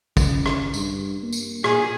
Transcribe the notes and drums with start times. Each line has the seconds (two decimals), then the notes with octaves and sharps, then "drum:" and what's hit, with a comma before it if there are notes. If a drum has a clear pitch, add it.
0.17 C#3, drum: kick, tambourine
0.46 drum: rim click
0.74 G2, drum: tambourine
1.23 A#3
1.32 drum: tambourine
1.64 A#2 G#4, drum: rim click